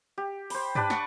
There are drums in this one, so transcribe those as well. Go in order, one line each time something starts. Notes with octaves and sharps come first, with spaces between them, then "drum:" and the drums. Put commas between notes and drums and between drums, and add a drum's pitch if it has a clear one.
G4
C5 B5, drum: open hi-hat
D4 G4 B4 D5, drum: tom G2
D5 F#5 C#6, drum: snare